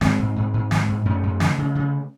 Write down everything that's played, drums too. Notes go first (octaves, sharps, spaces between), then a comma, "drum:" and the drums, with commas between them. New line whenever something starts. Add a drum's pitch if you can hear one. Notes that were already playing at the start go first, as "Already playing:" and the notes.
G#2 G#3 C4, drum: snare
G#2
G#2
G#2
G#2, drum: snare
G#2
F#2 A3 C#4
F#2
C#3, drum: snare
C#3
C#3